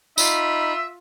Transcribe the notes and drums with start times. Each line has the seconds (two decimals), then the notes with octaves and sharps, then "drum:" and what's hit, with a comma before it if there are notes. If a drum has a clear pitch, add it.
0.18 D#4 F4 E5 B5, drum: tambourine